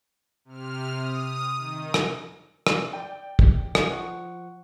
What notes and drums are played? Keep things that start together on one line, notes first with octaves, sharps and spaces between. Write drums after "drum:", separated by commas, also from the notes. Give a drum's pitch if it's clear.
C3 F6
D#6
D#3
drum: rim click
drum: rim click
D5 G5
drum: kick
drum: rim click
F3 F#5 C#6